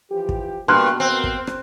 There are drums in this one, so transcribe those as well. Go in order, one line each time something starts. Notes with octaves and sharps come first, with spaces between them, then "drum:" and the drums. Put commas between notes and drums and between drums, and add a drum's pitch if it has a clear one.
E3 F3 G4
drum: kick
G2 B2 A#3 C6 F6 F#6
C4
drum: kick
drum: rim click